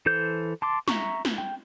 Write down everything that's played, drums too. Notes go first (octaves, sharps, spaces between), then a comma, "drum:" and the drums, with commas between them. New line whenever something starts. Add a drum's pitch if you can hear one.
E3 A4 C5 G6
A5 C6 D6
E5 A#5 C#6, drum: snare
drum: snare
G5